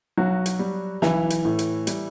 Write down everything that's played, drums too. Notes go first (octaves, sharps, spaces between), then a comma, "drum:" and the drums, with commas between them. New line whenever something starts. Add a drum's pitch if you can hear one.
B1 F#3 F#4
drum: hi-hat
G3
B1 E3 E4, drum: snare
drum: hi-hat
A2
drum: hi-hat
G3, drum: hi-hat